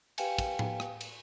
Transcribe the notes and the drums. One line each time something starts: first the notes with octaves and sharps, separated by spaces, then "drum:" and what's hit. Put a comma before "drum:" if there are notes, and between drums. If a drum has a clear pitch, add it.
G4 B4 F5 G5 G#5 C#7, drum: cymbal
drum: kick, cymbal
drum: tom A2
drum: rim click
drum: cymbal